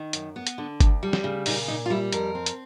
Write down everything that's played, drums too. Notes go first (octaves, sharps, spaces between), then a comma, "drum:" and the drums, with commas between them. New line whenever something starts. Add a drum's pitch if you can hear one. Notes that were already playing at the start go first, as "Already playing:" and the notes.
Already playing: D#3
F#2, drum: hi-hat
B3
drum: hi-hat
D3
D2, drum: kick G1, hi-hat
G3
drum: snare
C#3
A#2 D#4, drum: open hi-hat
A#2 D#4
F4
G3 E4
F2 A#4, drum: hi-hat
C4
drum: hi-hat